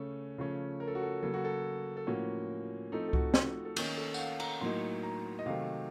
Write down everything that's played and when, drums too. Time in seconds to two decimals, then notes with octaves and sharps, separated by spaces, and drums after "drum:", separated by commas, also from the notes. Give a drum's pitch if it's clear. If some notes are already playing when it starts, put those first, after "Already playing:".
Already playing: C#3 A3 C#4 A4
0.38 C#3 F3 A3 C#4
0.80 A#4
0.87 A4
0.95 F#4
1.02 A4
1.22 C#3 F#3 A#3 A4
1.34 F#4
1.44 A4
1.97 A4
2.07 A2 F3 A#3 C#4 F#4
2.92 F3 A3 C4 D#4 A4
3.08 A4
3.13 F#4, drum: kick C#2
3.34 A4, drum: snare
3.65 A4
3.76 D#3 A#3 C#4 A#4, drum: cymbal
3.97 A4
4.14 F#5, drum: tambourine
4.19 F5
4.40 A#5, drum: cymbal
4.61 A2 F#3 A#3 D#4 C6
5.03 A#5
5.39 D#5
5.46 C3 D#3 F#3 A3 F5